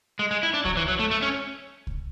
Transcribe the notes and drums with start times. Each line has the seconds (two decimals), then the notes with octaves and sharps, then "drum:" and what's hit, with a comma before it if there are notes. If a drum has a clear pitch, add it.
0.19 G#3
0.31 G#3
0.43 E4
0.54 D4
0.65 F#3, drum: kick C2
0.77 E3
0.88 F#3
0.99 A3
1.11 A3
1.22 C#4
1.87 drum: kick C2